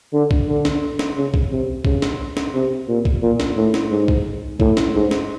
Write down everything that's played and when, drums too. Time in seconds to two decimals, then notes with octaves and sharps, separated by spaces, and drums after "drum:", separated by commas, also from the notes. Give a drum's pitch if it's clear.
0.13 D3
0.31 drum: kick B1
0.48 D3
0.65 drum: snare
0.99 drum: snare
1.16 C#3
1.34 drum: kick B1
1.51 C3
1.85 C#3, drum: kick B1
2.02 drum: snare
2.37 drum: snare
2.54 C3
2.88 A#2
3.05 drum: kick B1
3.22 A#2
3.40 drum: snare
3.57 A2
3.74 drum: snare
3.91 G#2
4.08 drum: kick B1
4.60 A2, drum: kick B1
4.77 drum: snare
4.94 G#2
5.11 drum: snare